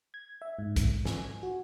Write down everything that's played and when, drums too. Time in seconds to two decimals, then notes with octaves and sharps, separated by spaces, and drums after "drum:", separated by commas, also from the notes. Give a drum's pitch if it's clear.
0.14 G#6
0.42 E5
0.59 G#2
0.76 drum: kick, hi-hat
1.05 G#5, drum: snare
1.43 F#4